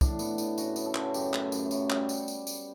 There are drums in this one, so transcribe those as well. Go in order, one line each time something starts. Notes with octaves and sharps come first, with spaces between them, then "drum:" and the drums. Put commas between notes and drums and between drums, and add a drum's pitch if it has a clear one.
A2 D4, drum: kick, tambourine
B3, drum: tambourine
A2, drum: tambourine
C#3 F#4, drum: tambourine
B3, drum: tambourine
A4
C#3, drum: clap
F#2 G4, drum: tambourine
A3, drum: clap
F#2, drum: tambourine
F#2, drum: tambourine
G3, drum: clap
drum: tambourine
drum: tambourine
drum: tambourine